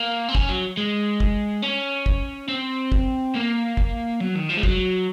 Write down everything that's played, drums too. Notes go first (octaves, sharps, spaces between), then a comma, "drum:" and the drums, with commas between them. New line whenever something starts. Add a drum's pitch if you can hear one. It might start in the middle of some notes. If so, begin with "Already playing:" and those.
Already playing: A#3
C4
C#4, drum: kick
F#3
G#3
drum: kick
C#4
drum: kick
C4
drum: kick
A#3
drum: kick
F#3
D#3
F3
G#3
F#3, drum: kick